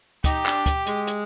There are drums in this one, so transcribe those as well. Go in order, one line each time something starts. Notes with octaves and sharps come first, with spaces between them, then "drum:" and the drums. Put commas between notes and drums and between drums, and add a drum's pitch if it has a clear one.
D#4 G4, drum: kick, hi-hat
D4, drum: clap
drum: kick, hi-hat
G#3, drum: hi-hat
drum: hi-hat